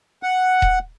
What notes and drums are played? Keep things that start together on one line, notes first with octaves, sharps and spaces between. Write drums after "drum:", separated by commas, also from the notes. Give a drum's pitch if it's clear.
F#5
drum: kick D#1